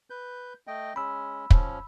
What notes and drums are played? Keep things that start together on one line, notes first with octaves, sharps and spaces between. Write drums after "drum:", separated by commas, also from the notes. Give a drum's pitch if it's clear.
B4 G6
A3 D#5 G5
G#3 C#4 B5 E6
F3 C#4, drum: kick